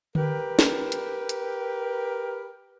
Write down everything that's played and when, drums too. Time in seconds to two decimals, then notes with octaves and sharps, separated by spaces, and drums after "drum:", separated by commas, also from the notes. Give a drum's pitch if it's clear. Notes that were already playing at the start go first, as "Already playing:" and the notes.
0.15 G4 A#4 B4, drum: tom D3
0.59 drum: snare
0.92 drum: hi-hat
1.29 drum: hi-hat